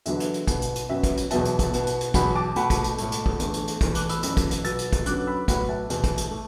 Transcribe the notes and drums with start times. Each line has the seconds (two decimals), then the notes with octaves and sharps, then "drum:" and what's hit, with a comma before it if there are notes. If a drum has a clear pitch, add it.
0.06 E2 D3 F#3 B3 E5, drum: hi-hat
0.20 drum: hi-hat
0.34 drum: hi-hat
0.47 B2 B3, drum: kick, hi-hat
0.62 drum: hi-hat
0.76 drum: hi-hat
0.89 F#2 F#3 B3 E5
1.03 drum: kick, hi-hat
1.17 drum: hi-hat
1.31 E2 B2 F#3 B3 E5 A5, drum: hi-hat
1.45 drum: hi-hat
1.59 drum: kick, hi-hat
1.74 B2 B3, drum: hi-hat
1.87 drum: hi-hat
2.01 drum: hi-hat
2.14 E2 B2 F#3 F#5 B5, drum: kick, hi-hat
2.35 A5 D6
2.56 B2 A3 F#5 B5, drum: hi-hat
2.70 drum: kick, hi-hat
2.84 drum: hi-hat
2.98 A2 A3, drum: hi-hat
3.12 drum: hi-hat
3.26 drum: kick
3.40 E2 D3 A3, drum: hi-hat
3.54 drum: hi-hat
3.67 drum: hi-hat
3.81 E2 E3 A3, drum: kick, hi-hat
3.95 D6 F#6, drum: hi-hat
4.09 B5 E6, drum: hi-hat
4.23 F#2 E3 A3 B5 E6, drum: hi-hat
4.37 drum: kick, hi-hat
4.51 drum: hi-hat
4.64 B2 F#3 B3 E6 A6, drum: hi-hat
4.79 drum: hi-hat
4.93 drum: kick, hi-hat
5.06 F#2 D3 F#3 B3 D6 F#6, drum: hi-hat
5.27 B5 E6
5.48 A2 F#3 B3 F#5 B5, drum: kick, hi-hat
5.69 E5 A5
5.90 E2 B2 A3, drum: hi-hat
6.04 drum: kick, hi-hat
6.18 drum: hi-hat
6.31 A3